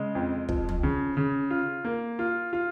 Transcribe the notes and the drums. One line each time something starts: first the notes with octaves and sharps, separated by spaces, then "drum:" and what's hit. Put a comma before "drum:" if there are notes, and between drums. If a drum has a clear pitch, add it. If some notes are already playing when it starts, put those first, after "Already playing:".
Already playing: C#3 G#3
F2
F3, drum: kick
drum: tom
C#3
C#3
F4
A#3
F4
F4